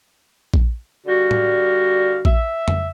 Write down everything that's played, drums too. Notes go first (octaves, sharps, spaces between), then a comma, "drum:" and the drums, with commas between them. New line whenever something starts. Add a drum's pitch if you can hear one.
drum: kick A#1
D3 G3 F#4 F5
drum: tom A2
E5, drum: kick A#1
drum: tom F2